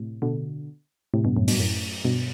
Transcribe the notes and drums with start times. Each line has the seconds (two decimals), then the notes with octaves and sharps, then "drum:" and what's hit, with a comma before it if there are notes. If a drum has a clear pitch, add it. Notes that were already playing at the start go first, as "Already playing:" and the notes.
Already playing: A2 C3
0.22 B2 D3
1.14 A2 C3
1.24 G2 B2
1.37 F#2 A2
1.48 G2 B2, drum: open hi-hat
1.60 F#2 A2
2.05 G2 B2